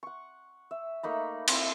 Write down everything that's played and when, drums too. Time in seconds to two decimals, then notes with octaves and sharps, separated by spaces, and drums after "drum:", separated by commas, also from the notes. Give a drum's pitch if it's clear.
0.03 F#5 C#6
0.71 E5
1.03 A3 A#3 D#4 B5
1.48 C4 E4, drum: cymbal